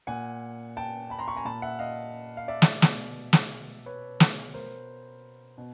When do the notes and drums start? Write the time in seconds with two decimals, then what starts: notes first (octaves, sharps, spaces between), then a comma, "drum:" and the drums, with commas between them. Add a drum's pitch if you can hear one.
0.07 A#2 F#5 G#5
0.77 G5 A5
1.10 A5 B5
1.19 A#5 C6
1.28 B5 C#6
1.36 G#5 A#5
1.45 A#2 A5 B5
1.62 E5 F#5
1.79 D#5 F5
2.37 F5
2.48 D5 E5
2.62 drum: snare
2.82 B2, drum: snare
3.33 drum: snare
3.86 B4 C#5
4.20 B2, drum: snare
4.54 A#4 C5
5.58 B2